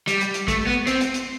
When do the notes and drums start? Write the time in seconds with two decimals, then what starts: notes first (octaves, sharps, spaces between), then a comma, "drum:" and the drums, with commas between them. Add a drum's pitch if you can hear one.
0.07 G3, drum: hi-hat
0.21 drum: hi-hat
0.34 drum: hi-hat
0.48 A3, drum: kick, hi-hat
0.67 B3
0.87 C4, drum: hi-hat
1.01 drum: hi-hat
1.14 drum: hi-hat